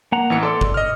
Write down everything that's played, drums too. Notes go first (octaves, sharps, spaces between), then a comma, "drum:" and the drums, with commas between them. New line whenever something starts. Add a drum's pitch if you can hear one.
A#3 F#5 A#5
A1 E3 C#7
A4 D5 C6 D6 E6
drum: kick
D#5 F6